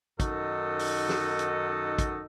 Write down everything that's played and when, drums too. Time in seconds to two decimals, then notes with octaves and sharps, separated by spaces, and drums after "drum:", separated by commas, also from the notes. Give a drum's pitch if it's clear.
0.20 F#2 D#3 D#4 F#4 A4 D#5, drum: kick, hi-hat
0.79 drum: open hi-hat
1.09 drum: snare
1.39 drum: hi-hat
1.99 drum: kick, hi-hat